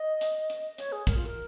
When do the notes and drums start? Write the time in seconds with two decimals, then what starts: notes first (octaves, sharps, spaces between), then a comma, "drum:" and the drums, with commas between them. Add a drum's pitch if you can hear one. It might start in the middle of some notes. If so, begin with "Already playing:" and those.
Already playing: D#5
0.21 drum: hi-hat
0.50 drum: hi-hat
0.78 C#5, drum: hi-hat
0.92 G#4
1.07 A#4, drum: kick, hi-hat
1.16 F4
1.26 A#4